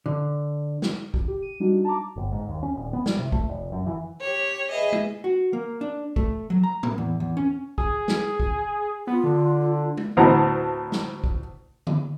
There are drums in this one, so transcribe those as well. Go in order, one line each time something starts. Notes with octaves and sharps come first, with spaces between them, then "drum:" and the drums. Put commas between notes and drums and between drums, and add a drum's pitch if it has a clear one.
D3
drum: snare
drum: kick
G4
D#7
G3 D4 D#4 F#4
A5 A#5 D6
G1
G#2
D#2
C#4
D#1
B3
G3, drum: snare
C3
A3, drum: kick
F1
F#2
E3
G4 C#5
G#4 B4 D#5 E5
drum: tom G#3
F#4
A#3
D4
A3, drum: kick
F#3
A#5
A#3, drum: tom A2
E2
E2
C#4
G#4, drum: kick
drum: snare
drum: kick
B3 F4
D3
drum: tom G#3
D2 A2 B3 C4 A#5
drum: snare
drum: kick
drum: tom D3